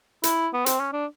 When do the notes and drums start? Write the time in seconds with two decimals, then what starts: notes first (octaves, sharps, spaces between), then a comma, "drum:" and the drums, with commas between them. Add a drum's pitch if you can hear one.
0.24 E4, drum: hi-hat
0.54 B3
0.66 C4, drum: hi-hat
0.79 C#4
0.93 D4